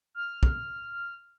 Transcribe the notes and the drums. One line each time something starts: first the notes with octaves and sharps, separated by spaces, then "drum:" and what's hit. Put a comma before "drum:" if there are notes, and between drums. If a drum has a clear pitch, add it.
F6
drum: kick